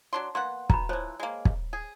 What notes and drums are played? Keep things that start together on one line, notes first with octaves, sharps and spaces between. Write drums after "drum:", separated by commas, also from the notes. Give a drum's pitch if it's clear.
F#3 D4 C6
A#3 B3 F#5 C6
B2 A#5 B5, drum: kick
E3 F3 C5 C#5
G#3 A#3
drum: kick
G#4